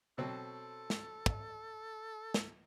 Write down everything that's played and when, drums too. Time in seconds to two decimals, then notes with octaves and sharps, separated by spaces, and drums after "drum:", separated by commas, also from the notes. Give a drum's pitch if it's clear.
0.18 B2 F#3 C4 A4
0.90 drum: snare
1.26 drum: kick
2.34 drum: snare